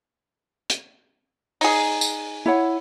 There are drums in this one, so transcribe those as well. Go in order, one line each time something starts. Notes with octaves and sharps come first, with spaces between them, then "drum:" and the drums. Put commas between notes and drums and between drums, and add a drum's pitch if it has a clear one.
drum: hi-hat
D#4 G#4, drum: open hi-hat
drum: tambourine
E4 C#5 F#5